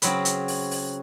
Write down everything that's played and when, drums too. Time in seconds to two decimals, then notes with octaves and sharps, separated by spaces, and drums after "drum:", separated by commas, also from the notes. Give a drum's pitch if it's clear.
0.02 C#3 F#3 C4 B4 B5, drum: hi-hat
0.25 drum: hi-hat
0.48 drum: open hi-hat
0.71 drum: open hi-hat